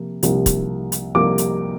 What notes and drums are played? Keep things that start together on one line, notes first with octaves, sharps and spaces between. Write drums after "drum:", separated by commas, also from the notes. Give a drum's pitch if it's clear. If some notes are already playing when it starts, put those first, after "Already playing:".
Already playing: C3 F3 A#3
C2 C3 F3 A#3, drum: hi-hat
drum: kick, hi-hat
drum: hi-hat
C2 C3 F3 A#3 D6
drum: hi-hat